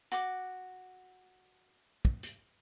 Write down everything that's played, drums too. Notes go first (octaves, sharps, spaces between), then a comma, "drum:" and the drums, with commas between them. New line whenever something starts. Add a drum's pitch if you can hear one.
F#4 D6, drum: hi-hat
drum: kick
drum: hi-hat